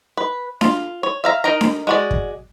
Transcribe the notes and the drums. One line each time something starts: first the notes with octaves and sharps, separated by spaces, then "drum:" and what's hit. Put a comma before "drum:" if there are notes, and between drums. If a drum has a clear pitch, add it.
B4
F4, drum: snare D4
C#5
E5 F5 A#5
D#4 A#4 D#5 A#5
drum: snare D4
G#3 F#4 D5
drum: kick